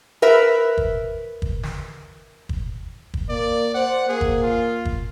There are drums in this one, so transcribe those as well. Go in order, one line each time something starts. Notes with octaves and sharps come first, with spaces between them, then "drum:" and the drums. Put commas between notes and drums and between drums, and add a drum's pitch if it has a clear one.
A#4 B4 E5
drum: kick
drum: kick
drum: snare
drum: kick
drum: kick
A#3 D5
C5 F#5
A#3 G#4
drum: kick
F4
drum: kick